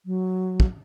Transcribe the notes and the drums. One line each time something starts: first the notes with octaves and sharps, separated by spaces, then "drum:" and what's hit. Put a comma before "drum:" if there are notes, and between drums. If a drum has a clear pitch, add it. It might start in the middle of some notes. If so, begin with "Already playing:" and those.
F#3
drum: kick